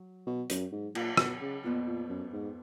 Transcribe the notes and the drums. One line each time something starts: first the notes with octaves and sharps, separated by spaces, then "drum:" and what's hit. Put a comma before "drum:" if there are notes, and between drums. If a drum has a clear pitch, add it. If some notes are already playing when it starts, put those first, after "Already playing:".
Already playing: F#3
B2
F#2, drum: hi-hat
G#2
A#2, drum: cymbal
B2, drum: rim click
C#3
F2 A#2 F3 B3 F4
A#2
F#2
G#2